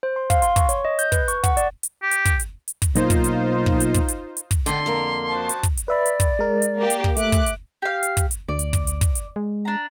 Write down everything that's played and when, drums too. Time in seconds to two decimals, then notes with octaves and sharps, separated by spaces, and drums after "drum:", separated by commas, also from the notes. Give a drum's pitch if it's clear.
0.03 C5
0.16 C6
0.30 F5, drum: kick, hi-hat
0.42 C6, drum: hi-hat
0.56 C#6, drum: kick, hi-hat
0.69 C#5, drum: hi-hat
0.85 D#5
0.99 G6, drum: hi-hat
1.12 B4, drum: kick, hi-hat
1.28 C#6, drum: hi-hat
1.44 F#5, drum: kick, hi-hat
1.57 D5, drum: hi-hat
1.83 drum: hi-hat
2.02 G4
2.11 drum: hi-hat
2.25 drum: kick, hi-hat
2.39 drum: hi-hat
2.68 drum: hi-hat
2.82 drum: kick, hi-hat
2.95 B1 A#3 D#4 F4 C5, drum: hi-hat
3.10 drum: kick, hi-hat
3.24 drum: hi-hat
3.66 drum: kick
3.80 drum: hi-hat
3.94 drum: kick, hi-hat
4.08 drum: hi-hat
4.37 drum: hi-hat
4.51 drum: kick, hi-hat
4.66 D3 B3 G5 C6, drum: hi-hat
4.86 F2 A#3 A#4
5.30 F#4 C5 A5
5.49 drum: hi-hat
5.63 drum: kick, hi-hat
5.77 drum: hi-hat
5.88 B4 D5 E5 B5
6.06 drum: hi-hat
6.20 drum: kick, hi-hat
6.39 G#3 A#4
6.62 drum: hi-hat
6.75 A#3 G4
6.90 drum: hi-hat
7.04 drum: kick
7.17 A3 E5 D6 F#6, drum: hi-hat
7.32 drum: kick, hi-hat
7.46 drum: hi-hat
7.82 G4 F5
8.03 drum: hi-hat
8.17 drum: kick, hi-hat
8.31 drum: hi-hat
8.49 D2 D5
8.59 drum: hi-hat
8.73 drum: kick, hi-hat
8.87 drum: hi-hat
9.01 drum: kick, hi-hat
9.15 drum: hi-hat
9.36 G#3
9.65 D4 A#5